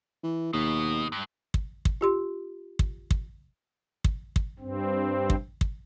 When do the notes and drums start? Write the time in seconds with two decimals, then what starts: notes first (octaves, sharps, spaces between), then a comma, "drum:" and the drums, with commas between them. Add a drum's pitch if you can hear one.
0.23 E3
0.53 D#2 B2
1.12 G2
1.54 drum: kick
1.85 drum: kick
2.01 F4 G4 C6
2.79 drum: kick
3.11 drum: kick
4.04 drum: kick
4.36 drum: kick
4.59 G2 C4
5.30 drum: kick
5.61 drum: kick